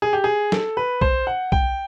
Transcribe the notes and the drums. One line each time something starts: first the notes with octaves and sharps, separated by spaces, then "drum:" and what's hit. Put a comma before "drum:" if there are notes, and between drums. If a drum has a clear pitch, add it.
G#4
G4
G#4
A4, drum: snare
B4
C5, drum: kick B1
F#5
G5, drum: kick B1